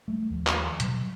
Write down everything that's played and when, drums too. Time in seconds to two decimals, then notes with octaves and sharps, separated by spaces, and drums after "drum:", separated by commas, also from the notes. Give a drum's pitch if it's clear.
0.08 G3 A3
0.30 D#2 F3
0.47 drum: clap
0.80 B2 F#3 G3, drum: hi-hat